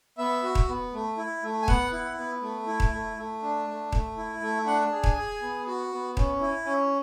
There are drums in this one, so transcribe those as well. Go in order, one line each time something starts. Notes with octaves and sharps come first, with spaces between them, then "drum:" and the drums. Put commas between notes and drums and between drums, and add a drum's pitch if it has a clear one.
B3 E5
F#4
drum: kick D#1
B3
A3
E4
A3
G#5
B3 F#5, drum: kick D#1
E4
B3
A3
E4
drum: kick D#1
A3
A3
D4
A3
A3, drum: kick D#1
E4
A3
D4 F#5
G#4
G#5, drum: kick D#1
G#4
B3
F#4
B3
C#4, drum: kick D#1
E4
C#4